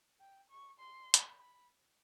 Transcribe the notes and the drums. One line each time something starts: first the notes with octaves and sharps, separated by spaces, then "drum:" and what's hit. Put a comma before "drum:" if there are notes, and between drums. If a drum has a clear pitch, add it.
G5
C#6
C6
drum: hi-hat
B5